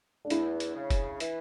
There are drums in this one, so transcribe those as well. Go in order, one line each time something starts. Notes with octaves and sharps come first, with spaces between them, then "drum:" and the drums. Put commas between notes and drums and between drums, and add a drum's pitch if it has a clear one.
D4
E2 E4, drum: hi-hat
drum: hi-hat
C#3
drum: kick F1, hi-hat
E3, drum: hi-hat